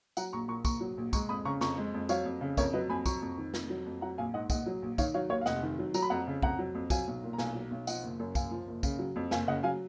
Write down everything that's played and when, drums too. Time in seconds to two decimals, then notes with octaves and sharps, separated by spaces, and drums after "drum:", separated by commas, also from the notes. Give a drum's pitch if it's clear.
0.17 F#3 F#5 A#5, drum: tambourine
0.33 A#1 A#5 C#6
0.48 A#2 A#5 C#6
0.65 A#1 A#5 C#6, drum: kick, tambourine
0.80 F#3
0.97 A#1
1.13 G#3 A#5 C#6, drum: kick, tambourine
1.29 F2 B5 D#6
1.45 C#3 A#5 C#6
1.61 F2 A#5 C#6, drum: snare
1.77 G#3
1.94 F2
2.09 F#3 C#5 F5, drum: tambourine
2.25 F2
2.41 C#3
2.57 F2 A#4 C#5, drum: kick, tambourine
2.73 F#3 B4 D#5
2.89 F2 G#5 B5
3.06 F#3 A#5 C#6, drum: kick, tambourine
3.22 F2
3.38 D#3
3.54 F2, drum: snare
3.70 F#3
3.86 F2
4.01 F#3 F#5 A#5
4.18 A#1 F5 G#5
4.34 G#2 D#5 F#5
4.50 A#1 D#5 F#5, drum: kick, tambourine
4.66 F#3
4.82 A#1
4.98 D#3 C#5 F5, drum: kick, tambourine
5.14 F#3 C#5 F5
5.30 D#2 C#5 F5
5.41 F5
5.46 F1 D#5 F#5, drum: snare
5.63 D#3
5.79 F#3
5.94 F#3 A#5, drum: tambourine
6.03 B5
6.10 F2 F#5 A#5
6.27 C#3
6.42 F2 F#5 A#5, drum: kick
6.59 F#3
6.74 F2
6.90 F#3 F5 G#5, drum: kick, tambourine
7.07 B1
7.23 A#2
7.33 A#5
7.38 B1 F5 G#5, drum: snare
7.55 F#3
7.71 B1
7.87 F3 D#5 F#5, drum: tambourine
8.03 F#1
8.20 F#2
8.35 F#1 F5 G#5, drum: kick, tambourine
8.51 F3
8.67 F#1
8.83 C#3, drum: kick, tambourine
8.99 F#3
9.16 F2
9.31 F#1 F5 G#5, drum: snare
9.47 C#3 D#5 F#5
9.63 F#3 F5 G#5